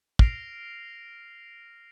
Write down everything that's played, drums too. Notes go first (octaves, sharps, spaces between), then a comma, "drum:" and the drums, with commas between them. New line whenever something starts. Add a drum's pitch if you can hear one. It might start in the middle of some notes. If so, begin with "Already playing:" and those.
F6 A#6 C7 D7 F7, drum: kick